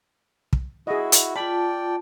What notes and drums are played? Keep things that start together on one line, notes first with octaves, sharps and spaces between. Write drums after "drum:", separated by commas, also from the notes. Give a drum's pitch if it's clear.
drum: kick
E4 F#4 G#4 D#5
drum: hi-hat
F4 D5 G5 A5 B5